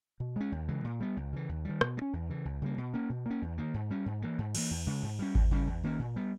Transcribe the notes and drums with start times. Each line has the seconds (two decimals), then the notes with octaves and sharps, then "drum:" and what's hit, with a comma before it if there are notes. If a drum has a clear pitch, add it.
0.20 B2
0.36 G#3 C#4
0.52 D#2
0.68 C#3 E3 G#3
0.84 A#2
1.00 G3 B3
1.17 C#2
1.33 C#3 E3
1.49 D#2
1.65 D#3 G3
1.81 B2, drum: rim click
1.97 G#3
2.02 C#4
2.13 E2
2.29 C#3 E3
2.45 C#2
2.62 C#3 G3 A#3
2.78 B2
2.94 A#3 C#4
3.09 B2
3.26 A#3 C#4
3.42 E2
3.58 D#3 A#3
3.74 G#2
3.90 G3 C#4
4.06 G#2
4.22 E3 A#3
4.38 G#2
4.55 E3 A#3, drum: cymbal
4.71 E2
4.87 C#3 G#3
5.03 G#2
5.19 G3 C#4
5.35 E2, drum: kick G#1
5.51 C#3 G3 C#4
5.67 E2
5.83 D#3 A#3 C#4
5.99 A#2
6.16 G3 B3